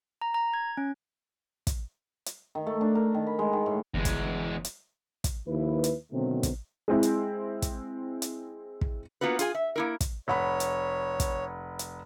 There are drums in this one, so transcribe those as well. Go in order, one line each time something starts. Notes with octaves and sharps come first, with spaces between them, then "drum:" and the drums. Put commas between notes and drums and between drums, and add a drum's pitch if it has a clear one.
A#5
A#5
G#6
C#4
drum: kick, hi-hat
drum: hi-hat
D#3
A3
D4
A#4
D#3
B5
G#3
D#3
A2
G1 E2 G#3
drum: kick, hi-hat
drum: hi-hat
drum: kick, hi-hat
D#2 F3 E4 B4
drum: hi-hat
B2 D3 D#3 F#3 A3 C4
drum: kick, hi-hat
G#3 C4 E4
drum: hi-hat
drum: kick, hi-hat
drum: hi-hat
drum: kick
A#3 B3 F4 F#4 B4
F4 G#4 G#5, drum: hi-hat
E5
A#3 E4 A#4
drum: kick, hi-hat
F1 C#5 F#5 B5
drum: hi-hat
drum: kick, hi-hat
drum: hi-hat